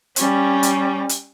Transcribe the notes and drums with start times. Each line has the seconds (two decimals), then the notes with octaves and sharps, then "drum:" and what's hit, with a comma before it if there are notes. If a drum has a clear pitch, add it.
0.16 G3 C#4, drum: hi-hat
0.63 drum: hi-hat
1.09 drum: hi-hat